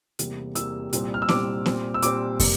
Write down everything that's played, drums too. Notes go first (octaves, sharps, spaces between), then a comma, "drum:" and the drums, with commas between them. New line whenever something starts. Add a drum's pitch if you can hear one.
E2 C3 G3 A#3, drum: hi-hat
E2 C3 G3 A#3 E6, drum: hi-hat
C2 A#2 G3 C4, drum: hi-hat
F6
E6
C2 A#2 G3 C4 D6, drum: snare B3
A#2 G3 C4, drum: snare B3
E6
A#2 G3 C4 D6, drum: hi-hat
C3 G3 A#3, drum: kick, open hi-hat